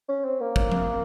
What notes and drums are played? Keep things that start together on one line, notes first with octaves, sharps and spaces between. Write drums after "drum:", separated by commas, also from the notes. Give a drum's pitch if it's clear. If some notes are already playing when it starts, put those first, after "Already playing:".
C#4
C4
A#3
drum: kick
drum: tom F3